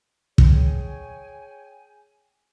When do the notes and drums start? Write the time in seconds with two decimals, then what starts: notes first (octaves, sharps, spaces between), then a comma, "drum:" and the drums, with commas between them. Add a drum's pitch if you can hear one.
0.38 G#4 C#5 G5 G#5, drum: kick